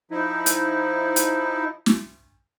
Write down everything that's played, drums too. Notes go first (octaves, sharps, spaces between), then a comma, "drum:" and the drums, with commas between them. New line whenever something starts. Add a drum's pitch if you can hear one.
F3 D#4 E4
drum: hi-hat
drum: hi-hat
drum: snare